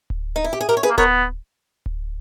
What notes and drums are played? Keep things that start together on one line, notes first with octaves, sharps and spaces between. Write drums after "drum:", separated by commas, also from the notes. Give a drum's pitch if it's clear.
drum: kick D1
D#4
E4
G4
G#4
G4 A#4
C#5
G#4 B4
A#3
B3 A#4 C#5, drum: kick D1
drum: kick D1